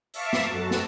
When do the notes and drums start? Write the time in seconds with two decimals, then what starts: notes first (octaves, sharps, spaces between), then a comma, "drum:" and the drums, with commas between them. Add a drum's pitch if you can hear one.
0.14 E5 F5 A5 C#6 D6, drum: open hi-hat
0.33 drum: snare
0.47 F#2 F#4 A4 A5
0.71 drum: snare